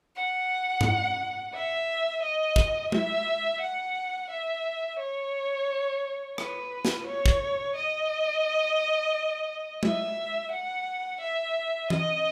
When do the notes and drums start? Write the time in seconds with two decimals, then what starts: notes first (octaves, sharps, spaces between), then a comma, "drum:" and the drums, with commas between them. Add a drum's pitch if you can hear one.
0.16 F#5
0.81 drum: tom G#2
1.54 E5
2.23 D#5
2.56 drum: kick
2.92 E5, drum: tom G#3
3.61 F#5
4.30 E5
4.99 C#5
6.38 B4, drum: rim click
6.85 drum: snare
7.06 C#5
7.26 drum: kick
7.76 D#5
9.83 E5, drum: tom G#3
10.52 F#5
11.21 E5
11.90 D#5, drum: tom E3